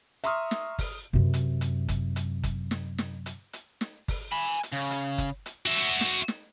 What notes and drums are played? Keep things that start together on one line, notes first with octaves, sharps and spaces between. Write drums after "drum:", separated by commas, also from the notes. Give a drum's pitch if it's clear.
E5 A#5 C6 C#6 D#6 F6, drum: hi-hat
drum: snare
drum: kick G1, open hi-hat
F#2 C3
drum: hi-hat
drum: hi-hat
drum: kick G1, hi-hat
drum: hi-hat
drum: kick G1, hi-hat
drum: snare
drum: snare
drum: hi-hat
drum: hi-hat
drum: snare
drum: kick G1, open hi-hat
G#5 B5
drum: hi-hat
C#3
drum: hi-hat
drum: kick G1, hi-hat
drum: hi-hat
F#4 E5
drum: snare
drum: snare